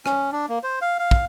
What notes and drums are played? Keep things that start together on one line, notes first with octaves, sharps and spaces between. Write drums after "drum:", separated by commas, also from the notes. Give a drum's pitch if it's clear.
C#4, drum: rim click
D4
A#3
C5
F5
F5
drum: kick